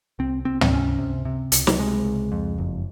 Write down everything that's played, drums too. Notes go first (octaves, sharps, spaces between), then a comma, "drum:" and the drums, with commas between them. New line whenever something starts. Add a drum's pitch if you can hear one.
C2 C4
C2 C4
C4, drum: tom
C3 C#4
C3
C3
C#2, drum: hi-hat
F#3, drum: snare
C3 G#3
C#2
F2
F#1